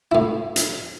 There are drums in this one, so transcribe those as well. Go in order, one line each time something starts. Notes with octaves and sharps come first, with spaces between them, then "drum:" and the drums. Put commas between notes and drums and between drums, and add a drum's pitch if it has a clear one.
A2 E4
drum: hi-hat